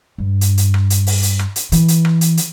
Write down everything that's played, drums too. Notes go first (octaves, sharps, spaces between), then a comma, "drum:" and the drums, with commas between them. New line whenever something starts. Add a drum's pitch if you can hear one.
G2
drum: hi-hat
drum: hi-hat
drum: rim click
drum: hi-hat
drum: open hi-hat
drum: hi-hat
drum: rim click
drum: hi-hat
E3, drum: hi-hat
drum: hi-hat
drum: rim click
drum: hi-hat
drum: hi-hat